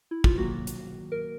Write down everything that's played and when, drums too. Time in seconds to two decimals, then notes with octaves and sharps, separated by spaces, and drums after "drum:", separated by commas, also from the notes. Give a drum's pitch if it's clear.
0.11 E4
0.24 F4, drum: kick
0.38 D#3 F#3 A#3 F#4
0.67 drum: hi-hat
1.12 A#4